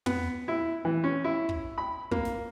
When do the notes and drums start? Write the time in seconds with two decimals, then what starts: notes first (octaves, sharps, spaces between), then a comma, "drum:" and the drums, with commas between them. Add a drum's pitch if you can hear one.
0.06 B3, drum: tom
0.48 E4
0.85 E3
1.04 C#4
1.24 E4
1.49 drum: kick
1.78 B5
2.11 A#3, drum: kick
2.25 drum: snare